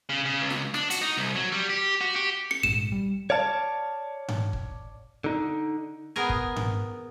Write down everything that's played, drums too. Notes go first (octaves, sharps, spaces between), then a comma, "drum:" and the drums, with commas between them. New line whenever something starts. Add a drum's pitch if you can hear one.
C#3
C#3
C#2
drum: snare
D4, drum: rim click
F#4, drum: hi-hat
D#4
C2
F#3
G3
G4
F#4
G4
C#7
A#1 G#2 E7
G3
C#5 D5 F5 A5
drum: tom G#2
drum: kick
D3 D#4
B3 G#4 A#4 G#5
drum: kick
drum: tom G#2